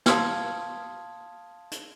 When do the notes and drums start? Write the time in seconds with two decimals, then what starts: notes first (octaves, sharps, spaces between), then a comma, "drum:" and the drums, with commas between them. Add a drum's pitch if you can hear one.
0.06 F5 A5 C6 D#6 F6 G#6, drum: snare
1.71 drum: hi-hat